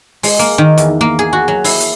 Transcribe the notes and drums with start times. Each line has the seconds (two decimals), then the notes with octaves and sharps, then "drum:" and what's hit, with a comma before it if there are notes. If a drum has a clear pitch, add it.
0.23 G#3, drum: open hi-hat
0.39 A#3, drum: hi-hat
0.58 D#3
0.77 E2, drum: hi-hat
1.01 A#3
1.19 G#4
1.33 F#4
1.48 F#3
1.64 E4, drum: open hi-hat
1.80 drum: hi-hat